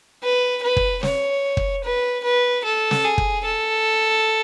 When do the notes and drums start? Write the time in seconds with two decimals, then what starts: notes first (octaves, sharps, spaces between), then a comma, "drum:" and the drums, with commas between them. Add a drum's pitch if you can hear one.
0.23 B4
0.63 B4
0.77 drum: kick
1.03 C#5, drum: snare
1.57 drum: kick
1.84 B4
2.24 B4
2.64 A4
2.91 drum: snare
3.04 G#4
3.18 drum: kick
3.45 A4